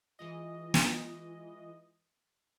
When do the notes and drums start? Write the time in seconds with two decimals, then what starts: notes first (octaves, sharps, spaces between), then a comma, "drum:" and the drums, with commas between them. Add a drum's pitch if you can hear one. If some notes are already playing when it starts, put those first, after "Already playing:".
0.19 E3 G#3 F4 D#5
0.74 drum: snare